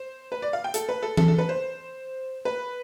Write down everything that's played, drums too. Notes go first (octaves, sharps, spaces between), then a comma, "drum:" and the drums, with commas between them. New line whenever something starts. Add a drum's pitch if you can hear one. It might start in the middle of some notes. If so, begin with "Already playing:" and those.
Already playing: C5
B4
D5
F5
G5
A4, drum: hi-hat
B4
A4
A4, drum: tom E3
A4
B4
C5
B4